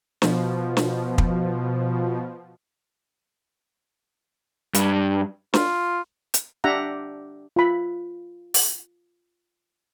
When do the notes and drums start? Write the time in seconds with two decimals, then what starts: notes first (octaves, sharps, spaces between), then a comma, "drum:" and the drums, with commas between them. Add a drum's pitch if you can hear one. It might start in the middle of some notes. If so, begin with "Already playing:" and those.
0.22 B2 F3, drum: snare
0.77 drum: snare
1.18 drum: kick
4.74 G2, drum: hi-hat
5.54 F4, drum: snare
6.34 drum: hi-hat
6.64 D4 G4 E5 F#5 A#5
7.56 F4 B5
8.54 drum: open hi-hat